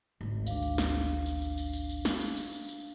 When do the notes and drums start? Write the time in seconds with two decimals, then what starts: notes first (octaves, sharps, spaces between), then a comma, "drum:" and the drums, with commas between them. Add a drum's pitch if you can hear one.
0.21 G#1 D2
0.47 D4 F5, drum: tambourine
0.62 drum: tambourine
0.78 drum: snare
1.26 drum: tambourine
1.42 drum: tambourine
1.58 drum: tambourine
1.73 drum: tambourine
1.89 drum: tambourine
2.05 drum: snare
2.21 drum: tambourine
2.37 drum: tambourine
2.53 drum: tambourine
2.69 drum: tambourine